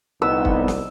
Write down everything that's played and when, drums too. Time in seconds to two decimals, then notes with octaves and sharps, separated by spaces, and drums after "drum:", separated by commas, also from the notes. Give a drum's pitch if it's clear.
0.22 C2 A#2 A3 B3 D#4 E6
0.45 drum: kick
0.68 drum: snare